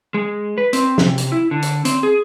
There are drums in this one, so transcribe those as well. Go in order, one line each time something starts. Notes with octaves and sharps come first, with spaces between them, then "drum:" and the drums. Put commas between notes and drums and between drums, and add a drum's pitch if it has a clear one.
G#3
B4
C4, drum: hi-hat
C3, drum: snare
drum: hi-hat
E4
D3
drum: hi-hat
C4, drum: hi-hat
G#4